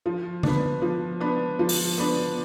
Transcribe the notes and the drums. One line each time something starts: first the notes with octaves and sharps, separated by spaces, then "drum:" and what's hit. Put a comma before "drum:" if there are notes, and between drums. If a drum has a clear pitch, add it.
F3
B3 D4, drum: tom
F3
B3 D4
F3
drum: open hi-hat
B3 D4